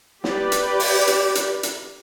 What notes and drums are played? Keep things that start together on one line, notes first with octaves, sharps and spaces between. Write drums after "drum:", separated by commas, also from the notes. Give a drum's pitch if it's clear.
G4 B4 D5, drum: snare
drum: hi-hat
drum: open hi-hat
drum: hi-hat
drum: hi-hat
drum: hi-hat